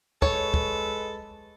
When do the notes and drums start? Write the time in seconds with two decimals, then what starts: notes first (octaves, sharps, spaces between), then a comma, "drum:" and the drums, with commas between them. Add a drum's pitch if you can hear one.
0.22 G#3 A4 B4 C#5, drum: kick
0.54 drum: kick